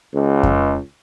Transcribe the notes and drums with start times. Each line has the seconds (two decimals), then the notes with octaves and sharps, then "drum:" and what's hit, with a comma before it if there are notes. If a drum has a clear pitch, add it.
0.14 C#2
0.43 drum: kick F2